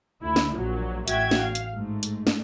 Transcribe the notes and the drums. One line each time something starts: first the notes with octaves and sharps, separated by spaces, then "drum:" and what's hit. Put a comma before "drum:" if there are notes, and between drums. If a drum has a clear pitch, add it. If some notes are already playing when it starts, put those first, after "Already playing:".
D2 E4
drum: snare
A#1 A#2 F#3
A1 F#4 E5 G5 G#6, drum: hi-hat
drum: snare
F5
drum: hi-hat
G#2 A3
drum: hi-hat
drum: snare